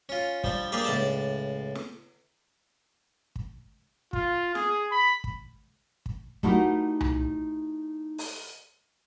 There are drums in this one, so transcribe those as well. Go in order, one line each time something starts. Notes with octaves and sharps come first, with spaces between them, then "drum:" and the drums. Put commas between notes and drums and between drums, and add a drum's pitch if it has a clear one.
C#4 F4
F3 G3 D4, drum: kick
G3 A#3 D4 G4 G#4 D5
C#2 A2 D5 A5 D6
drum: snare
drum: kick
F4, drum: kick
G#4, drum: snare
B5
drum: kick
drum: kick
A3 D#4 E4 F#4 G4 A#4, drum: kick
drum: tom C2
drum: open hi-hat